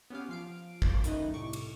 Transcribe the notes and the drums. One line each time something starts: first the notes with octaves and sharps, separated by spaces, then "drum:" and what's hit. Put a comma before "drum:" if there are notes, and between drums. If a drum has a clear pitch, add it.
B3 C#4 G4 F5
F3 F5 D7
drum: kick
F#2 D#3 A3 B4 D#5, drum: hi-hat
C2 A2 C#6 D6
drum: cymbal